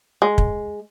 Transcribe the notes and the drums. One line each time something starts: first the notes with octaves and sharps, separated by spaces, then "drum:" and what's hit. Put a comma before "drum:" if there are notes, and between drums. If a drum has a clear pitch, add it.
G#3
drum: kick